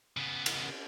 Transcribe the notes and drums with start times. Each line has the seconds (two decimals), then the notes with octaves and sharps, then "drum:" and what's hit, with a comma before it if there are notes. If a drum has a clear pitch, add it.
0.17 C#3 B3
0.46 drum: cymbal